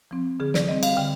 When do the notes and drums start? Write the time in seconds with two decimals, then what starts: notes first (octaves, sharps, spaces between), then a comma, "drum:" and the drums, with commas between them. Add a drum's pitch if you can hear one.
0.11 F3 C4
0.40 D3 G#4
0.54 D5, drum: snare
0.69 G3 C4 D#5
0.83 F5, drum: cymbal
0.97 D3 G5